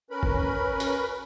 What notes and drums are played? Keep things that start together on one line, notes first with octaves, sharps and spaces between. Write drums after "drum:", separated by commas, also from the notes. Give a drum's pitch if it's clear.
C#4 A#4 B4 B5
drum: kick
drum: hi-hat